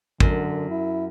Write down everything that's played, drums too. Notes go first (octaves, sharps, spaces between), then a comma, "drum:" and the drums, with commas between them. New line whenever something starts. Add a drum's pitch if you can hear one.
F#2 D3, drum: kick
E4